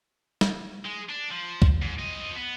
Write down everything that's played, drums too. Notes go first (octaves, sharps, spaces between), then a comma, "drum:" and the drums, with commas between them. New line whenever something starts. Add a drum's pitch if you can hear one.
drum: snare
G#3
D4
F3
drum: kick
G#2
F3 D#5
B3